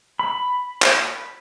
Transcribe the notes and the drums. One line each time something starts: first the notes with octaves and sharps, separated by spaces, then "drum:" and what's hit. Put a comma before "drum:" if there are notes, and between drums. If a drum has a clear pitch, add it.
B5
drum: clap